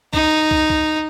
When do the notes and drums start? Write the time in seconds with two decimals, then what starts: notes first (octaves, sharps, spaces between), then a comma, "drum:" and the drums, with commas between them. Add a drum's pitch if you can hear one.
0.13 D#4, drum: kick
0.51 drum: kick
0.70 drum: kick